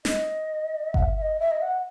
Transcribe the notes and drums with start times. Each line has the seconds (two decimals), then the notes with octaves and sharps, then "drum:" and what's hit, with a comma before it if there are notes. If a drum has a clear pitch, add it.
0.05 D#5, drum: snare
0.94 F#5, drum: kick G1
0.99 E5
1.17 E5
1.22 D#5
1.40 E5
1.51 D#5
1.62 F#5